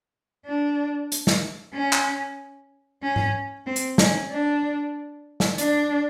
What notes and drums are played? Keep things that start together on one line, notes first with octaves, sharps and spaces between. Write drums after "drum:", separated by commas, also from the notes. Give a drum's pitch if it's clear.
D4
drum: hi-hat
drum: snare
C#4
drum: clap
C#4
drum: tom G#2
C4
drum: hi-hat
C#4, drum: snare
D4
drum: snare
D4, drum: hi-hat